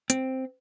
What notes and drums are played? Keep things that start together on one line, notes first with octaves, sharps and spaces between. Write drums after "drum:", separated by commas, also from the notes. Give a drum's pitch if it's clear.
C4, drum: hi-hat